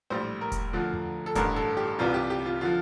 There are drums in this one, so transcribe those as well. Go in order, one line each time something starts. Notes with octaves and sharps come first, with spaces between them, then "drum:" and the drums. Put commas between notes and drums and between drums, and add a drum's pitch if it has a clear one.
A#1 A2 G3 C5
A#4
drum: kick E1, hi-hat
D2 D3 F3
drum: tom E2
A4
A1 G2 D3 A#4, drum: kick E1, hi-hat
A4
G4
C2 C3 E3 G3 F4
G4
G4
F4
D3 F3 F4